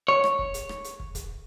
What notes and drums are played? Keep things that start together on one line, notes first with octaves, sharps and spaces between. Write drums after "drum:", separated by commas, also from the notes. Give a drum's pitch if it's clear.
C#5
drum: rim click
drum: kick
drum: hi-hat
drum: rim click
drum: hi-hat
drum: kick
drum: kick, hi-hat